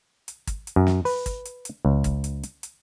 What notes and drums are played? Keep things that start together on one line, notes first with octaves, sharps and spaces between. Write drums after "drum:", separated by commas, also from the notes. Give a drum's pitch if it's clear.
drum: hi-hat
drum: kick, hi-hat
drum: hi-hat
F#2
drum: snare
B4, drum: open hi-hat
drum: kick, hi-hat
drum: hi-hat
drum: hi-hat
C#2
drum: kick, hi-hat
drum: hi-hat
drum: hi-hat
drum: hi-hat